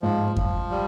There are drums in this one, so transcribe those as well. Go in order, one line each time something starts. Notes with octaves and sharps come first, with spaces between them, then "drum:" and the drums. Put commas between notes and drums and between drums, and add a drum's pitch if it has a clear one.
G#2 F3
F3, drum: kick F2
G3